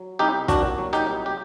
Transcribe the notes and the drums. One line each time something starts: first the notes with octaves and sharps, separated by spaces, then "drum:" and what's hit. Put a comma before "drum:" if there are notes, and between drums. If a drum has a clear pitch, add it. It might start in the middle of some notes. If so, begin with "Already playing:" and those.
Already playing: F#3
C2 D#4 G4
A#2 D4 F#4, drum: kick, hi-hat
F#3
D#4 G4, drum: rim click
C2
G4